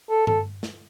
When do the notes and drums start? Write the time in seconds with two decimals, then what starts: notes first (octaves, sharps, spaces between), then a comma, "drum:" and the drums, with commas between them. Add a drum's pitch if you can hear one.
0.10 A4
0.27 A4, drum: tom G2
0.63 drum: snare